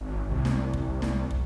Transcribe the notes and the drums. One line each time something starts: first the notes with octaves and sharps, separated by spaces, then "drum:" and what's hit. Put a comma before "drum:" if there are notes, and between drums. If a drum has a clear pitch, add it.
G#1
C2
drum: snare
drum: kick
drum: snare
drum: kick